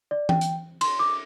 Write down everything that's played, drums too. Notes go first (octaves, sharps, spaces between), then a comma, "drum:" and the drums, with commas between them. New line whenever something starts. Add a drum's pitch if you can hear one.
D5
G5, drum: tom E3
drum: hi-hat
C6, drum: cymbal
D6